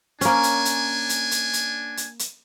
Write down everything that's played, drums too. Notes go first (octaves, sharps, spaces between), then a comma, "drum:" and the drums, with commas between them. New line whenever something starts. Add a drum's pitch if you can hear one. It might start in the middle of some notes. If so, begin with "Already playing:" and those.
A#3 C#4 D4 G#5, drum: hi-hat
drum: hi-hat
drum: hi-hat
drum: hi-hat
drum: hi-hat
drum: hi-hat
drum: hi-hat
drum: hi-hat